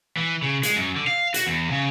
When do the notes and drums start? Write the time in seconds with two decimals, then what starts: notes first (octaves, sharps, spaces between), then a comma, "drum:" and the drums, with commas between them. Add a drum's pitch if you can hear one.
0.17 E3
0.42 C#3
0.63 G#3, drum: hi-hat
0.76 F#2
0.96 D3
1.07 F5
1.34 F#4, drum: hi-hat
1.47 E2
1.70 C#3